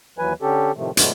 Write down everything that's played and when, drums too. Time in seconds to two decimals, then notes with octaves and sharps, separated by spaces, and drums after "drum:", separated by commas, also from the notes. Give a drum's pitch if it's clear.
0.18 D#2 E3 F#3 B4 G#5
0.42 D3 C#4 G4 A4
0.77 A2 C3 D#3 F3 A3
0.97 A#2 D3 F#3 G#3 A3 B3, drum: hi-hat